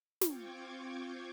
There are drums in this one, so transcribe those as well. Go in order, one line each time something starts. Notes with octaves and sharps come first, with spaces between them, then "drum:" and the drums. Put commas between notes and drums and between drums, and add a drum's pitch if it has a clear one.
C4 F4 G5 C#6 D6 G#6, drum: snare